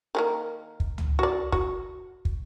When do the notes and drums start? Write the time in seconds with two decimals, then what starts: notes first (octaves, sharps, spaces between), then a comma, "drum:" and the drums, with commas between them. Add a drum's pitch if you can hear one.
0.15 D#3 G#3 A#3
0.80 drum: kick
0.98 drum: tom C#2
1.19 F#4 D5
1.52 F#4, drum: kick
2.25 drum: kick